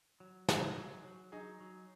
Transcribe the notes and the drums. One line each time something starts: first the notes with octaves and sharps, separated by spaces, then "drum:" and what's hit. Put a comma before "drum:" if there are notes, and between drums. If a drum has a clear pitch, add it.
F#3
F#3 D#4 G#4, drum: snare
F#3
F#3
F#3 D#4 G#4
F#3